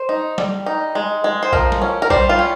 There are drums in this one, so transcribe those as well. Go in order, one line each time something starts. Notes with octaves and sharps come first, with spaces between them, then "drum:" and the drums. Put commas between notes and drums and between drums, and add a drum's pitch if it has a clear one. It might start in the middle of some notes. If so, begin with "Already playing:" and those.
Already playing: C5
D#4
G3, drum: snare
D#4
G#3
G#3
C5
F3 A#4, drum: kick A#1
drum: snare
C#4
A#4
G3 C5, drum: kick A#1
F4
C#4